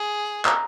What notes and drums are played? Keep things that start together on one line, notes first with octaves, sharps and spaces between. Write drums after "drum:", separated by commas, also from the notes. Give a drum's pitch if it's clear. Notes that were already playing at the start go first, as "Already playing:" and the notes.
Already playing: G#4
A#5, drum: clap